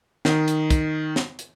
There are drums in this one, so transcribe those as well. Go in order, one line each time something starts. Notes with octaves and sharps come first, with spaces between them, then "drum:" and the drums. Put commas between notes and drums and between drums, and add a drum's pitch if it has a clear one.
D#3, drum: snare
drum: hi-hat
drum: kick, hi-hat
drum: snare
drum: hi-hat